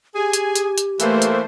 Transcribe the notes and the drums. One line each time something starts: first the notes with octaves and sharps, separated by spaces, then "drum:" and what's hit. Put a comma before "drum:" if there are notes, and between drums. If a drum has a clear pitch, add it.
G4 G#4 G#5
drum: hi-hat
drum: hi-hat
drum: hi-hat
E3 A3 A#3 C5, drum: hi-hat
drum: hi-hat